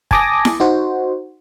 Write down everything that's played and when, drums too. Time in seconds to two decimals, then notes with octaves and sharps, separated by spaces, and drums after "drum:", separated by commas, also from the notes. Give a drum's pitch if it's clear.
0.11 G#5 A5 D6 D#6 A#6, drum: kick
0.45 drum: snare E4
0.60 D#4 F#4 C5